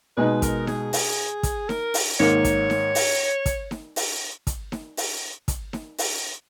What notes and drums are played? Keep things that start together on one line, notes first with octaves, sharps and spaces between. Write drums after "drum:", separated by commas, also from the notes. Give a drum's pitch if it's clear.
B2 G#3 D#4 B4
A#4, drum: kick, hi-hat
G#4, drum: snare D#4
drum: open hi-hat
drum: kick, hi-hat
A#4, drum: snare D#4
drum: open hi-hat
G#2 D#3 A#3 C#5
drum: kick, hi-hat
drum: snare D#4
drum: open hi-hat
drum: kick, hi-hat
drum: snare D#4
drum: open hi-hat
drum: kick, hi-hat
drum: snare D#4
drum: open hi-hat
drum: kick, hi-hat
drum: snare D#4
drum: open hi-hat